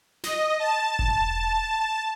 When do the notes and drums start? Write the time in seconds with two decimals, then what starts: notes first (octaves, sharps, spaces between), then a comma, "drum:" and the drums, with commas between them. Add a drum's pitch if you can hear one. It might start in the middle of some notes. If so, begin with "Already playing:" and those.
0.24 D#5, drum: snare
0.59 A5
0.99 drum: kick E1